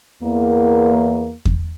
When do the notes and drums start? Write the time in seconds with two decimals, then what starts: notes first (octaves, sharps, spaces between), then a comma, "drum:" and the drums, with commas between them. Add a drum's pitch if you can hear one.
0.22 E2 A#3
1.45 drum: kick E2